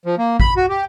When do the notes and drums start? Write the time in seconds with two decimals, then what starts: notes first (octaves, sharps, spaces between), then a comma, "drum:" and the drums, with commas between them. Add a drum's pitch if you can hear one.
0.06 F3
0.18 A#3
0.40 B5, drum: kick A1
0.57 F#4
0.69 G4